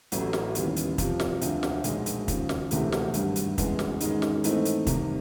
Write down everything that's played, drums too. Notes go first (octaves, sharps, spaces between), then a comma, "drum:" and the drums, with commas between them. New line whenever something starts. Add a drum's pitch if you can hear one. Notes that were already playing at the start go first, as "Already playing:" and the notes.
A1 A2 F#3 A3, drum: hi-hat
drum: snare
D#2 C#3 E3 G3 B3, drum: hi-hat
drum: hi-hat
F2 C3 F3, drum: kick, hi-hat
drum: snare
E1 D2 D3 F3, drum: hi-hat
drum: snare
B1 A#2 F3 G#3, drum: hi-hat
drum: hi-hat
D#2 C#3 F3, drum: kick, hi-hat
drum: snare
E1 D2 C3 E3 A3, drum: hi-hat
drum: snare
G#1 G2 D3 G3, drum: hi-hat
drum: hi-hat
E2 C#3 E3 G#3 B3, drum: kick, hi-hat
drum: snare
G#2 D#3 G#3 C#4, drum: hi-hat
drum: snare
G#2 E3 A3 C4 D#4, drum: hi-hat
drum: hi-hat
C2 C3 D#3, drum: kick, hi-hat